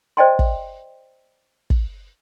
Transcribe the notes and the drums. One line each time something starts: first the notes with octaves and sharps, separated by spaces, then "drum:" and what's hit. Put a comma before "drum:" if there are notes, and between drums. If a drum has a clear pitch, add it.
C5 D5 D#5 G5 A5 C6
drum: kick
drum: kick